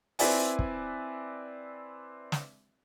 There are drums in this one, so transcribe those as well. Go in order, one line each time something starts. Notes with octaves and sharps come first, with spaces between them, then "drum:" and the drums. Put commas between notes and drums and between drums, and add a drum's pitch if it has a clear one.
C4 E4 B4 D5 E5 G#5, drum: open hi-hat
drum: kick
drum: snare